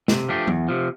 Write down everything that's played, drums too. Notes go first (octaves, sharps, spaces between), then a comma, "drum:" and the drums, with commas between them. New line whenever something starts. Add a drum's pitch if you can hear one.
C3, drum: snare
F3 A3 D4 G4
E2, drum: tom F#3
C3 F3